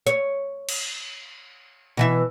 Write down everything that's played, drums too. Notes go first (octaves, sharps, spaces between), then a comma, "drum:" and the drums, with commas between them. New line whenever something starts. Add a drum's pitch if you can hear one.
C#5, drum: hi-hat
drum: cymbal
B2 E3 E5